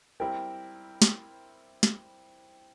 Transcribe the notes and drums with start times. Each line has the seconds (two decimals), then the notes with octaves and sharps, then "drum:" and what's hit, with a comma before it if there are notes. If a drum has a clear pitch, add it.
0.20 G3 C4 E4 A#4 G5
1.02 drum: snare
1.83 drum: snare